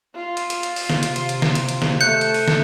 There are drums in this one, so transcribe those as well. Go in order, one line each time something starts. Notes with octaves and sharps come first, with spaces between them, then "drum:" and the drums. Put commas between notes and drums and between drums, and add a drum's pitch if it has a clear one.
F4
drum: hi-hat
drum: hi-hat
drum: hi-hat
drum: open hi-hat
C3, drum: snare
drum: hi-hat
drum: hi-hat
drum: hi-hat
drum: snare
drum: hi-hat
drum: hi-hat
drum: snare
A3 F#6 G6 C#7
drum: hi-hat
drum: open hi-hat
drum: snare